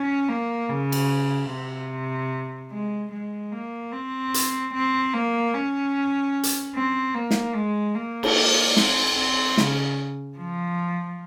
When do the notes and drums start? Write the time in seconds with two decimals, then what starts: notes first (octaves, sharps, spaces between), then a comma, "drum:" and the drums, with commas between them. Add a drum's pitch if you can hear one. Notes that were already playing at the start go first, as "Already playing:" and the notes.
Already playing: C#4
0.29 A#3
0.70 C#3
0.92 drum: cymbal
1.50 C3
2.71 G#3
3.12 G#3
3.52 A#3
3.92 C4
4.34 drum: hi-hat
4.74 C4
5.13 A#3
5.54 C#4
6.43 drum: hi-hat
6.75 C4
7.15 A#3
7.31 drum: snare
7.55 G#3
7.95 A#3
8.23 drum: cymbal
8.77 C4, drum: snare
9.16 C4
9.58 C#3, drum: snare
10.38 F3